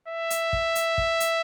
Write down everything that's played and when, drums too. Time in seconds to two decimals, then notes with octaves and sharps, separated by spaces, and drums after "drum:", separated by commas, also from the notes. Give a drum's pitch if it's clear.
0.08 E5
0.30 drum: hi-hat
0.53 drum: kick
0.75 drum: hi-hat
0.98 drum: kick
1.20 drum: hi-hat